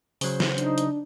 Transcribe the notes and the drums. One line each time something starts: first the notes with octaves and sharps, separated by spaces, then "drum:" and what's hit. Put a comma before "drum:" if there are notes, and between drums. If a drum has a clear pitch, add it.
C#3 F#3 C5, drum: open hi-hat
drum: snare
D4 D#4, drum: hi-hat
drum: hi-hat